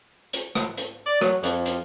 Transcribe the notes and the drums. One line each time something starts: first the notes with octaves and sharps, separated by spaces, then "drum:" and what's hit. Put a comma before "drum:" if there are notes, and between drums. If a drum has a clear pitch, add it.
drum: hi-hat
drum: rim click
drum: hi-hat
D5
F#3, drum: rim click
F2, drum: hi-hat
drum: hi-hat